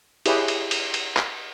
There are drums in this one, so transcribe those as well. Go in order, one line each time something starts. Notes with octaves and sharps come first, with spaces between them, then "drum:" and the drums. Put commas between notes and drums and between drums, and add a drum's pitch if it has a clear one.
E4 G4 G#4 B4 C#5 D#5, drum: cymbal
drum: cymbal
drum: cymbal
drum: cymbal
drum: clap